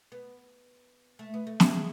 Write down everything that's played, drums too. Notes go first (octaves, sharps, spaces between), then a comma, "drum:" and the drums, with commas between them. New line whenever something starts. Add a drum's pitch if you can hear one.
B3
A3
B3
A3
G#3, drum: snare